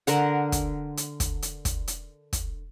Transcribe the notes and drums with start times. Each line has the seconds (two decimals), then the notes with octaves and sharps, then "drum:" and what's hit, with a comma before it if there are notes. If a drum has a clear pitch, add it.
0.07 D3 A#4 F#5, drum: hi-hat
0.52 drum: kick, hi-hat
0.97 drum: hi-hat
1.20 drum: kick, hi-hat
1.42 drum: hi-hat
1.65 drum: kick, hi-hat
1.88 drum: hi-hat
2.33 drum: kick, hi-hat